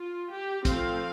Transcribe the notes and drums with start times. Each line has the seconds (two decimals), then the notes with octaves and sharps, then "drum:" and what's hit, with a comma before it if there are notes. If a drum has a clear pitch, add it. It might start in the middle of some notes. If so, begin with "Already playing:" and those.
Already playing: F4
0.30 G4
0.65 F3 A3 C4 F5, drum: kick A#1, hi-hat